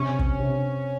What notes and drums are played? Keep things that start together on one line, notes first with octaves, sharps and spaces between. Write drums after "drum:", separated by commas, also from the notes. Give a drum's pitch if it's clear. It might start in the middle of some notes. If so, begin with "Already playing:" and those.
Already playing: C3 C#4
drum: kick
C3